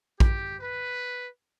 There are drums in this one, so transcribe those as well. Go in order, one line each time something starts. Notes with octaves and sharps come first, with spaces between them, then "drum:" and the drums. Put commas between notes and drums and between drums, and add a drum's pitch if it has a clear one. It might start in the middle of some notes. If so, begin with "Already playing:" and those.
G4, drum: kick A#1
B4